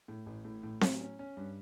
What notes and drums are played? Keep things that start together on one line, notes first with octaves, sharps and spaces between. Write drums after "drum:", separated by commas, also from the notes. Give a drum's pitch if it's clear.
A2
A1
A2
A2
F#3, drum: snare C4
C#4
C#4
G2